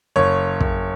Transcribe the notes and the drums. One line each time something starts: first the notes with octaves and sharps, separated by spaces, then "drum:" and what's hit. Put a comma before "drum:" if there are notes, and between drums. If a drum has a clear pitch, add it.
F#1 C#5
F#1, drum: kick